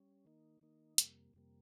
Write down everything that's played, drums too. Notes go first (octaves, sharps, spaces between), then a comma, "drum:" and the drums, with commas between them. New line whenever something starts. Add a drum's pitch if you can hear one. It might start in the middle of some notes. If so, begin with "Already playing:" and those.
Already playing: G3 C#4
D#3 A#3 D#4
D#3 A#3 D#4
F2 C3 G3 A#3, drum: hi-hat
F2 C3 G3 A#3